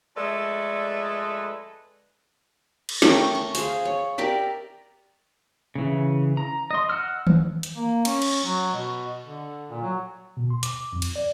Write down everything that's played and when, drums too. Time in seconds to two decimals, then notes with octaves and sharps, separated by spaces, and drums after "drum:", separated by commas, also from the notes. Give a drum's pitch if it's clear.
0.16 F2 G#3 A3 A4 B4 D5
2.89 drum: cymbal
3.02 A3 C#4 A#4 G5, drum: snare
3.35 C#6
3.55 G#4 C5 F5 G#5, drum: open hi-hat
3.85 C#5
4.18 G4 A#4 D5 E5
5.75 C#3 E3
6.37 A#5
6.71 D#5 C6
6.90 F#5 E6 F6
7.27 drum: tom D#3
7.63 drum: hi-hat
7.76 A#3
8.05 C#4, drum: cymbal
8.22 drum: cymbal
8.44 F#3
8.73 B2
9.25 D3
9.69 A#2
9.82 F#3
10.37 B2
10.50 C6
10.63 D6, drum: hi-hat
10.93 F2
11.02 drum: cymbal
11.16 D5